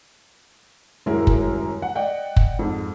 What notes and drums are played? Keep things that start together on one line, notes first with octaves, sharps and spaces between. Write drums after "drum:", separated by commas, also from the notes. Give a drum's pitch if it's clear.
D#1 F#2 G#3 E4 F#4 A#4
drum: kick
F#5
D5 D#5 F#5 G5
drum: kick
F2 G#2